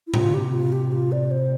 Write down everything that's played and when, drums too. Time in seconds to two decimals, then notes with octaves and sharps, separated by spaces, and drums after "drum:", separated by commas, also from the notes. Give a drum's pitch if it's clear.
0.07 E4
0.14 C3 F4, drum: tom A2
0.26 D3
0.34 C3 G4
0.53 F4
0.72 G4
0.92 F4
1.12 D5
1.31 C5